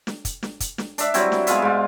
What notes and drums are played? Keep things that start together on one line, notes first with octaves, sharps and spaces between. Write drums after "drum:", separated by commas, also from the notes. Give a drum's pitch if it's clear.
drum: snare
drum: kick, hi-hat
drum: snare
drum: kick, hi-hat
drum: snare
D4 E5, drum: hi-hat
F#3 G3 C4 E4, drum: hi-hat
drum: snare
G#3 B3 F4 E5, drum: hi-hat
G#2 F4